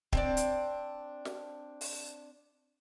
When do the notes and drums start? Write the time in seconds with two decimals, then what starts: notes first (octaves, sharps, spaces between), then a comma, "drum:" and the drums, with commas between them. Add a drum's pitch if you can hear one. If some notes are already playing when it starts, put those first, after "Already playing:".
0.13 C4 D4 D5, drum: kick
0.37 drum: hi-hat
1.25 drum: snare
1.81 drum: open hi-hat